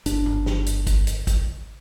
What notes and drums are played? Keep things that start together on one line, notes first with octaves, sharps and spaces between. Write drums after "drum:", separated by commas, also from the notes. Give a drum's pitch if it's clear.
G1 D4, drum: hi-hat
drum: tom G#2
drum: snare
drum: hi-hat
drum: kick, hi-hat
drum: hi-hat
drum: kick, hi-hat